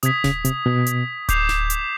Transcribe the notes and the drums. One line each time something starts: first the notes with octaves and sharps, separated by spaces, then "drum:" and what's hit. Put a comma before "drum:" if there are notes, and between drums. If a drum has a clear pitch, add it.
C3 D#6 G#6 B6, drum: hi-hat
C#3, drum: snare D#1
C3, drum: hi-hat
B2
drum: hi-hat
D6 G6 C7 F7, drum: kick D1, hi-hat
drum: snare D#1
drum: hi-hat